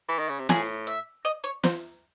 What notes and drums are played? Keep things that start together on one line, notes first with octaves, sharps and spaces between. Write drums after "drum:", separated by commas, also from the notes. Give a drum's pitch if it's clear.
E3
D#3
C#3
C3
A2 G#4, drum: snare
E5
D#5
C#5
C5, drum: snare